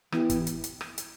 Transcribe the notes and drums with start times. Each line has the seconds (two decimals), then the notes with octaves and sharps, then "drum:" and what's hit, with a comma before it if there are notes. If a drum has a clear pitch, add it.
0.12 E3 B3 E4 G4, drum: rim click
0.30 drum: kick, hi-hat
0.47 drum: hi-hat
0.64 drum: hi-hat
0.81 drum: rim click
0.98 drum: hi-hat